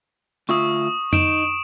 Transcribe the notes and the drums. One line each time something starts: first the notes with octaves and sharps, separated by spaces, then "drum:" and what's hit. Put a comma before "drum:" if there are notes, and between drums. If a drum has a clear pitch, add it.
D2 F4 E5 C#6 D#6
D#4 D7 E7, drum: tom F2